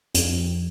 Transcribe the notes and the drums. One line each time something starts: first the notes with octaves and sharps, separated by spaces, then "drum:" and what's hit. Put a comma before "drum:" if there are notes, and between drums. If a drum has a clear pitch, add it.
F2, drum: hi-hat